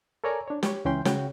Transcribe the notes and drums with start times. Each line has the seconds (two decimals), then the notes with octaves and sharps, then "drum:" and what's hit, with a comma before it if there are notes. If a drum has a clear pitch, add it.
0.24 A4 A#4 C#5 D5 G#5 A#5
0.48 D4 C#5
0.63 G4 C#5, drum: snare
0.85 C#2 E3 C#4 G5 C6 G6
1.05 C#3 F#4 C#5 G5, drum: snare